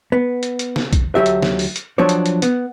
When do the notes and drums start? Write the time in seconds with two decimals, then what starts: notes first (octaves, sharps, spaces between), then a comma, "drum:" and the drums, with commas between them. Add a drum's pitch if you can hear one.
0.12 B3
0.43 drum: hi-hat
0.59 drum: hi-hat
0.76 drum: snare
0.93 drum: kick, hi-hat
1.15 D2 F#3 G4 E5
1.26 drum: hi-hat
1.42 drum: snare
1.59 drum: open hi-hat
1.76 drum: hi-hat
1.98 F3 F#3 D4 C#5
2.09 drum: hi-hat
2.26 drum: hi-hat
2.42 B3, drum: hi-hat